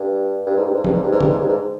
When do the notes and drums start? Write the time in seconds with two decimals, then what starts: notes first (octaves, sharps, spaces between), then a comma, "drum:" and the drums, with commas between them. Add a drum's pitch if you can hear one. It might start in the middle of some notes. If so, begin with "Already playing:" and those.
Already playing: G2
0.46 G2
0.57 G#2
0.66 G2
0.75 G#2
0.84 G2, drum: tom
0.93 G#2
1.03 G2
1.12 G#2
1.21 G2, drum: tom
1.30 G#2
1.40 G2
1.49 G#2